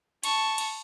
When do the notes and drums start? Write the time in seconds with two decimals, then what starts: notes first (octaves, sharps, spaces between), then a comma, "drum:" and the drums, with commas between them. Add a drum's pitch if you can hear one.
0.23 A5 C#6, drum: cymbal
0.58 drum: cymbal